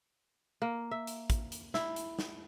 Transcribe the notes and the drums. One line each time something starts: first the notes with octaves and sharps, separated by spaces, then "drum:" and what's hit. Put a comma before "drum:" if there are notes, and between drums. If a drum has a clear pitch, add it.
A#3
E5
drum: hi-hat
drum: kick, hi-hat
drum: hi-hat
E4, drum: snare
drum: hi-hat
drum: snare